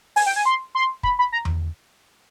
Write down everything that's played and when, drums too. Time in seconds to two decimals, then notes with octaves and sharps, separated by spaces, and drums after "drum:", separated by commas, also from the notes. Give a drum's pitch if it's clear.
0.16 G#5, drum: open hi-hat
0.26 G5
0.36 G#5
0.46 C6
0.75 C6
1.03 B5, drum: kick
1.19 B5
1.32 A#5
1.45 drum: tom E2